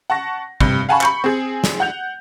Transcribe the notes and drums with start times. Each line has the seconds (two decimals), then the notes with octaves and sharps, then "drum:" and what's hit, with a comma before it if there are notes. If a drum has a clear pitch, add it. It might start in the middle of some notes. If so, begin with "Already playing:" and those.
0.10 F#5 A5 C#6 A#6
0.60 G2 C3, drum: kick
0.89 F5 F#5 G#5 A5 B5 C#6
1.01 B5 C#6 G6 C#7, drum: clap
1.24 C4 G#4
1.64 drum: snare
1.80 F#5 G6 F7